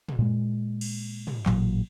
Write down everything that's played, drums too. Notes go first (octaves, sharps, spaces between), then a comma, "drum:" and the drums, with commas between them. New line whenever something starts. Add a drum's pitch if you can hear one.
drum: tom
A#2 G#3
drum: cymbal
drum: tom
A1 A#2 F#3, drum: clap